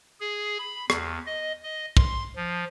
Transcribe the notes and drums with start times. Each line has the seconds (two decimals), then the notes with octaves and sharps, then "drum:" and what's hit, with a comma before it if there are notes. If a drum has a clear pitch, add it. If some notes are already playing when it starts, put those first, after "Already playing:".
0.20 G#4
0.59 B5
0.90 E2, drum: rim click
1.26 D#5
1.64 D#5
1.97 C6, drum: kick
2.36 F3